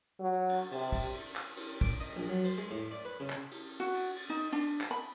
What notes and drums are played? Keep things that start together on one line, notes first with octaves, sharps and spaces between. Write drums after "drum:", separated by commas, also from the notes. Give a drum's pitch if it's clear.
F#3
drum: cymbal
C3, drum: cymbal
drum: kick, cymbal
drum: cymbal
drum: clap
drum: cymbal
D6, drum: kick, cymbal
D#5
A#1
F#3
C5, drum: cymbal
G#3
A2
D5
B4
C#3
drum: clap
drum: cymbal
F#4
drum: cymbal
drum: cymbal
D#4
D4
drum: clap
B5